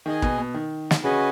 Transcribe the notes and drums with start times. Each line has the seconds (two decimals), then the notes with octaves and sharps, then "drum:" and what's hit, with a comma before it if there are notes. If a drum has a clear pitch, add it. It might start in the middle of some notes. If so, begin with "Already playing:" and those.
0.06 D#3 G#4 D#5 G#5
0.22 B2, drum: kick
0.38 B2
0.54 D#3
0.91 drum: snare
1.03 C#3 C#4 F#4 B4 D#5 G#5